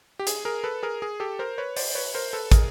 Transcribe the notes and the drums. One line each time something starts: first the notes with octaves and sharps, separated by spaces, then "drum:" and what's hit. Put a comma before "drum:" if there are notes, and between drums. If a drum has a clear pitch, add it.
G4
G#4, drum: hi-hat
G#4 A#4
A4 B4
G#4 A#4
G#4
G4 A4
A#4 C5
B4 C#5
C5 D5, drum: open hi-hat
B4 C#5
A#4 C5
A4 B4
G#4 A#4, drum: kick, hi-hat